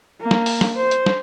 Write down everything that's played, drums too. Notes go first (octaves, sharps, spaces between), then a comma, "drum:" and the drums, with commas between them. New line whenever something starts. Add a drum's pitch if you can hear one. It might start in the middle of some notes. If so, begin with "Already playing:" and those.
A#3
drum: snare
drum: open hi-hat
drum: snare
C5
drum: hi-hat
drum: snare